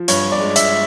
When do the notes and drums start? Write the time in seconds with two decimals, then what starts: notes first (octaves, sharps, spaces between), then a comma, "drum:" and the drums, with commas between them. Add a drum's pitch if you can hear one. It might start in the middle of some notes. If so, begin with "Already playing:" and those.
Already playing: F3
0.08 G2 C#5, drum: hi-hat
0.32 D5
0.40 G#3
0.56 E5, drum: hi-hat